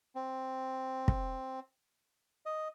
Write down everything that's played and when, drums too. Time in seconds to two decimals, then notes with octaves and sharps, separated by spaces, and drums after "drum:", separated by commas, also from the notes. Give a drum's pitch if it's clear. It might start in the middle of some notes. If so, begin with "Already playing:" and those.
0.15 C4
1.08 drum: kick
2.46 D#5